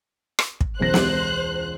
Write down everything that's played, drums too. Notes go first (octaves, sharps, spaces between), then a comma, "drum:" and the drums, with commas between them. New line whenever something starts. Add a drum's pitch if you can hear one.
drum: rim click
drum: kick
E1 C#2 C5 F#6 A#6
drum: snare